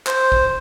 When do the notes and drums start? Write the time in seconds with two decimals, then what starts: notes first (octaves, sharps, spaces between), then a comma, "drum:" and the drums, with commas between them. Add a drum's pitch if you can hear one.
0.07 C5, drum: clap
0.32 drum: kick A#1